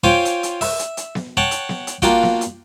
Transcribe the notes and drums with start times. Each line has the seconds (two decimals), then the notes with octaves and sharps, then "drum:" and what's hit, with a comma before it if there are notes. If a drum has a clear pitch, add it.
0.04 F4 C5 C#5 G5 G#5 D6
0.25 drum: hi-hat
0.43 drum: hi-hat
0.61 E5, drum: open hi-hat
0.79 drum: hi-hat
0.97 drum: hi-hat
1.15 drum: snare B3
1.37 C#5 F#5 G5 A5
1.51 drum: hi-hat
1.69 drum: snare B3
1.87 drum: hi-hat
2.02 A#3 D4 F4 F#4 G5, drum: kick, hi-hat
2.23 drum: snare B3
2.41 drum: hi-hat